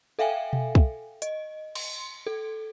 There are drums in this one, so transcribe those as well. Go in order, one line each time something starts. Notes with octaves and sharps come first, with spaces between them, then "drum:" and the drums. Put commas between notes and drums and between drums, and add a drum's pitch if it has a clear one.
A4 E5 F5 G5 G#5
drum: tom B2
drum: kick
D#5, drum: hi-hat
C6, drum: cymbal
A4